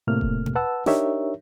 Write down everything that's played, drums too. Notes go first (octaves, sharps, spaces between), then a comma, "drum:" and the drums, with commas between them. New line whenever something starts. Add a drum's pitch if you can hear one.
A2 C3 A3 A#3 F6
drum: kick E1
drum: tom B2
B4 F#5 A5 E6
D4 D#4 G4 A#4 C#5 E5, drum: snare